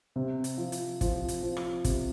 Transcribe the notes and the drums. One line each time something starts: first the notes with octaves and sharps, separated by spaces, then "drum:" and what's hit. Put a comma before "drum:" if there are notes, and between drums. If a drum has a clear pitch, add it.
C3
drum: hi-hat
F3
drum: hi-hat
F3, drum: kick, hi-hat
drum: hi-hat
F3
drum: rim click
C3, drum: kick, hi-hat